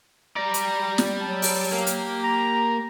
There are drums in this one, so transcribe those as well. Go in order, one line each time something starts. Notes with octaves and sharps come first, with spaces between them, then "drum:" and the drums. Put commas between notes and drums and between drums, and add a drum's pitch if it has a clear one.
G3 D5 A#5
drum: hi-hat
drum: snare
F#3 A5
drum: open hi-hat
A#3 G4
drum: hi-hat
A#5